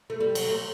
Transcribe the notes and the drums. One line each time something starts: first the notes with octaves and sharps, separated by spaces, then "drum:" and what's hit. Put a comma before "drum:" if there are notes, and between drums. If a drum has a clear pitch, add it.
A3
G3
F#3, drum: cymbal
A3